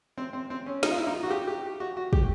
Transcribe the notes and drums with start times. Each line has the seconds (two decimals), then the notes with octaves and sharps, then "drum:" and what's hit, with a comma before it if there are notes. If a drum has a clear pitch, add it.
0.18 C4
0.33 C4
0.50 C4
0.66 C#4
0.83 D#4, drum: snare
0.91 F4
0.98 E4
1.07 D#4
1.15 F4
1.23 F#4
1.30 G4
1.47 G4
1.80 F#4
1.97 F#4
2.13 G4, drum: kick